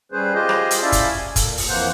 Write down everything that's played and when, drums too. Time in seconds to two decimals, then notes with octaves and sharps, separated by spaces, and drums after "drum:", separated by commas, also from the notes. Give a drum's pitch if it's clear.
0.12 G3 C#4 G#4 B4 C5
0.34 F4 G4 G#4 C5 D#5
0.49 drum: rim click
0.71 drum: hi-hat
0.82 C#4 E4 D5 E5 F5 A5
0.92 drum: kick, hi-hat
1.09 G#5
1.36 A#2 A4, drum: kick, hi-hat
1.57 drum: open hi-hat
1.69 F2 E3 A#3 C5 F#5